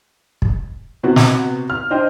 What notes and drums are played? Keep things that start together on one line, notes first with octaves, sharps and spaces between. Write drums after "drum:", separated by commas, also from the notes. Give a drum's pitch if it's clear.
drum: kick
C3 B3 F#4
drum: snare
F6
D4 C5 D#5 G5